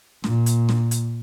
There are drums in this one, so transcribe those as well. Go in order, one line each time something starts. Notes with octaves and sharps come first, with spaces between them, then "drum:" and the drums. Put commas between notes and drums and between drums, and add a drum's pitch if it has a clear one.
A#2, drum: snare
drum: hi-hat
drum: snare
drum: hi-hat